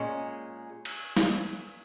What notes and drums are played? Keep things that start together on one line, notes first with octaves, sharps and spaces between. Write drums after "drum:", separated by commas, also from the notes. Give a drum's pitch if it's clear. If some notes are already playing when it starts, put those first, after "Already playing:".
Already playing: A#2 G#3 C#4
drum: cymbal
drum: snare